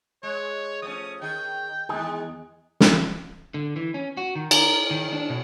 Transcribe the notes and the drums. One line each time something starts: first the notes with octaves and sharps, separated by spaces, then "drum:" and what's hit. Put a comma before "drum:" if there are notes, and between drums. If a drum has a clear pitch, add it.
G#3 C#5
F3 A3 C#4 D#6
D#3 G#4 G5
E2 D#3 G#3 G#4
drum: snare
D3
E3
C#4
F#4
D#3
A#4, drum: cymbal
D#3
D4
B2